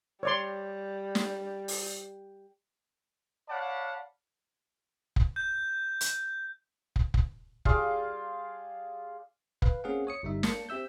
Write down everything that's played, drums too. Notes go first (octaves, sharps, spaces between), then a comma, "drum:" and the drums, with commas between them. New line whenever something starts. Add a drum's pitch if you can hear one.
G3 C#5 D5 C6
drum: snare
drum: open hi-hat
C#5 D5 F5 F#5 A5 B5
drum: kick
G6
drum: hi-hat
drum: kick
drum: kick
G3 F4 G#4 F5, drum: kick
B4 F5, drum: kick
A#3 C4 C#4 G#4 F5 F#5
C#5 D#6 C#7
G1 G3 D#4 E5
A#3 A5 C#7, drum: snare
C4 G4 E5 E6 G6